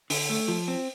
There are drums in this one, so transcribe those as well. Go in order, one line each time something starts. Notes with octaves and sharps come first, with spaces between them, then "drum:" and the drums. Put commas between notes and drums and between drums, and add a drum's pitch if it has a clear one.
D3, drum: open hi-hat
A3
F3
C4